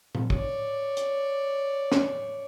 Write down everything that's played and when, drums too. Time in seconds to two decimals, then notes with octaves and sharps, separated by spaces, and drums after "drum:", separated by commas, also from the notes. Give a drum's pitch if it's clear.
0.15 drum: tom A#2
0.30 C#5 D5, drum: kick
0.97 drum: hi-hat
1.92 drum: snare